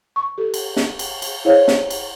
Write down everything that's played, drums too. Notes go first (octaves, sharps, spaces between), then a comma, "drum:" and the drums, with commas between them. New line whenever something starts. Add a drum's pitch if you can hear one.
C#6
G4 A4
drum: cymbal
drum: snare
drum: cymbal
drum: cymbal
E4 G#4 C5 C#5 D#5 F5
drum: snare
drum: cymbal